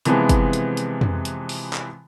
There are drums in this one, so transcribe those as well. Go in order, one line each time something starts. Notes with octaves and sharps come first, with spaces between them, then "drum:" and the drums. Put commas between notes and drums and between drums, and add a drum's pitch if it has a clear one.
C3 E3 F3 G#3 B3, drum: hi-hat
drum: kick, hi-hat
drum: hi-hat
drum: hi-hat
drum: tom F2
drum: hi-hat
drum: open hi-hat
drum: clap